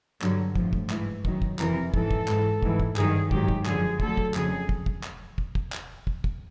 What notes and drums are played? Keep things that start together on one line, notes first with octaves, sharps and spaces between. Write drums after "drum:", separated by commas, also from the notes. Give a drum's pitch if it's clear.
G2 D3 F#3, drum: clap
A2 F3, drum: kick
drum: kick
G#2 E3, drum: clap
F#2 D#3 F#3, drum: kick
drum: kick
F2 C3 E3 A#4, drum: clap
G#2 E3 A4, drum: kick
drum: kick
G#2 E3, drum: clap
G#2 E3, drum: kick
drum: kick
G2 D#3 F#3 G#4, drum: clap
G#2 D#3 F#3 G4, drum: kick
drum: kick
F#2 D3 F3 G#4, drum: clap
D2 D3 F#3 A4, drum: kick
drum: kick
F2 C#3 F#3 G#4, drum: clap
drum: kick
drum: kick
drum: clap
drum: kick
drum: kick
drum: clap
drum: kick
drum: kick